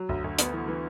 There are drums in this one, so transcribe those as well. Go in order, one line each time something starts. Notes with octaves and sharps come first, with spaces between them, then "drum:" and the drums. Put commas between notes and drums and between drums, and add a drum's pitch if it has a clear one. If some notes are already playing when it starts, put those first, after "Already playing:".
Already playing: F#3
D2
D2
B3, drum: hi-hat
E3
E3